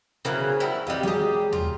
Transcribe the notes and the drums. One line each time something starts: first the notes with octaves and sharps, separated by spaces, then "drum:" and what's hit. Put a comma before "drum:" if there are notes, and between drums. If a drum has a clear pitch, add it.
C#3 E3 F#3 A#4 C5 F5
F#3 G3 E4
G3 C4 G4 D#5 F5
F#3 G#3 G4 G#4 A#5
F4, drum: tom D#2